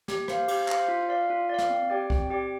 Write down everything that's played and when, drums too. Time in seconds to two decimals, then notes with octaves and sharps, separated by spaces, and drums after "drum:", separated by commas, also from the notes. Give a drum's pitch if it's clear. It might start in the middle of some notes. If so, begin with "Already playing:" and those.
0.08 G4, drum: snare
0.28 C5 F5, drum: rim click
0.48 G4, drum: cymbal
0.68 C5 F5, drum: clap
0.88 F4
1.09 D5 F5
1.30 F4
1.49 D5 F5
1.58 drum: snare
1.69 C4
1.90 G4 D5 G5
2.10 C4, drum: kick
2.30 G4 D5 G5